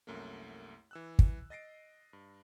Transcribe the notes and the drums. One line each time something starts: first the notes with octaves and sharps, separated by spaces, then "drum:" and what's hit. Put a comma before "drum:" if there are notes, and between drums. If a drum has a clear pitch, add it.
C2 F#2 A3 A#3
E3 E6 F#6
drum: kick
D#5 A6 A#6 C7 D7
G2